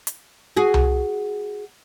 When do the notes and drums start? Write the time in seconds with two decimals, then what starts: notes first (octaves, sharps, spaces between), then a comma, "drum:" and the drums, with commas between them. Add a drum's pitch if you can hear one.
0.07 drum: hi-hat
0.57 F#4 G#4
0.74 drum: tom C2